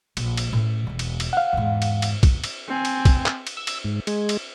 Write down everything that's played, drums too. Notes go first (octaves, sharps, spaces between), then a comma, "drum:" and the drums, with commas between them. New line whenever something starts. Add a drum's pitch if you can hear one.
A#1, drum: cymbal
drum: cymbal
A2 C#4
E1 E2
drum: cymbal
drum: cymbal
F5 F#5
E2 G#2
drum: cymbal
drum: cymbal
drum: kick, cymbal
drum: cymbal
C4 G#5
drum: cymbal
drum: kick, cymbal
drum: clap
drum: cymbal
E6
drum: cymbal
G#2
G#3, drum: cymbal
drum: cymbal